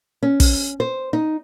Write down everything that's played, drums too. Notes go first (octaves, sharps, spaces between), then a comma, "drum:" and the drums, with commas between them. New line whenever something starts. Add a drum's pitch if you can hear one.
C#4
drum: kick, open hi-hat
C5
D#4